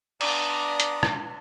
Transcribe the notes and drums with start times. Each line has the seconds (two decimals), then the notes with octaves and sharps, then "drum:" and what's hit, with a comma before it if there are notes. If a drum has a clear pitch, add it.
0.21 B3 D4 D5 A#5 D#6, drum: cymbal
0.80 drum: hi-hat
1.03 drum: rim click